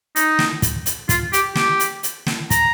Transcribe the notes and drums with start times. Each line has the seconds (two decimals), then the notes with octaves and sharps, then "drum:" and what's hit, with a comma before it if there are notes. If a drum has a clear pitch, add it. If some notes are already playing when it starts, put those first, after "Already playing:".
0.16 D#4, drum: hi-hat
0.39 drum: snare
0.62 drum: kick, hi-hat
0.86 drum: hi-hat
1.09 F4, drum: kick, hi-hat
1.33 G4, drum: hi-hat
1.56 G4, drum: snare
1.80 drum: hi-hat
2.03 drum: hi-hat
2.27 drum: snare
2.50 A#5, drum: kick, hi-hat